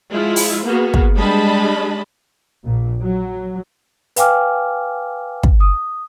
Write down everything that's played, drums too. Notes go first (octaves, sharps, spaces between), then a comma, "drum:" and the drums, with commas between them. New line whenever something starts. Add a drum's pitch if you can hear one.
F3 G#3 E4 F4
drum: open hi-hat
A#3 B3 F#4 G#4
drum: kick
G3 G#3 D4 D#5 A5 B5
A#1 A#2
F#3
B4 F5 G5 G#5 D6 F6, drum: hi-hat
drum: kick
D#6